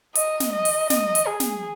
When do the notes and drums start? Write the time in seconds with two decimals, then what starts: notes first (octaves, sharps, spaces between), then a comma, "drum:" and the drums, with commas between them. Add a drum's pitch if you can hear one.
0.15 D#5, drum: hi-hat
0.40 drum: snare
0.52 D#5
0.65 drum: open hi-hat
0.90 D#5, drum: snare
1.15 drum: hi-hat
1.27 G#4
1.40 drum: snare